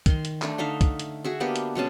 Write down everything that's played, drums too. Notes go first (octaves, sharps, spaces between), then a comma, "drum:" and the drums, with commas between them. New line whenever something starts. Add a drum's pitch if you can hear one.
D#3 C6, drum: kick, hi-hat
drum: hi-hat
A3 D4, drum: clap
D3 D#4 E5 F5
drum: kick, hi-hat
drum: hi-hat
F#4 G#4 E5
A#3 B3 D4 G4
drum: hi-hat
B2 G#3 C#4 A5